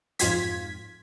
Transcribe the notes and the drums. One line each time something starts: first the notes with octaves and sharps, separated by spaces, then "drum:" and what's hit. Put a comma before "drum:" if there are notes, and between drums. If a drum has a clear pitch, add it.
F2 G#2 F4 G#6 B6, drum: hi-hat